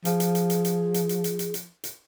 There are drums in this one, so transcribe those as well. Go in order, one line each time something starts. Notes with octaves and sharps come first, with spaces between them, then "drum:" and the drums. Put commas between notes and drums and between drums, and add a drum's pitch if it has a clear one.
F3 G#4, drum: hi-hat
drum: hi-hat
drum: hi-hat
drum: hi-hat
drum: hi-hat
drum: hi-hat
drum: hi-hat
drum: hi-hat
drum: hi-hat
drum: hi-hat
drum: hi-hat